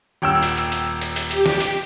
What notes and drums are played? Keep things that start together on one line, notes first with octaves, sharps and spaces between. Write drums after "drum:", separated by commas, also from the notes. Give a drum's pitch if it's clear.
D#1 G5 E6
drum: hi-hat
drum: hi-hat
drum: hi-hat
drum: hi-hat
drum: hi-hat
G4, drum: hi-hat
drum: snare
drum: hi-hat